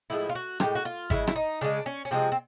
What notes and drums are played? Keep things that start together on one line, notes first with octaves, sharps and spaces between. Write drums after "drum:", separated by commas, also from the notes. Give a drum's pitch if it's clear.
A2 F3 G#3 E4
F4
F#4
A2 F3 G#3 G4, drum: rim click
F#4
F4
C#3 F3 G#3 E4, drum: kick G#1
E4, drum: rim click
D#4
C#3 F3 G#3 D4
C#4
C#4
C3 F3 G#3 C4
C4